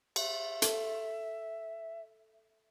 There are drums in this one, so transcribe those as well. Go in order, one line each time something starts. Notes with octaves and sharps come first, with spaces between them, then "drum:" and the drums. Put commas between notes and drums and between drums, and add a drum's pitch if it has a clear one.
E5, drum: cymbal
A4, drum: hi-hat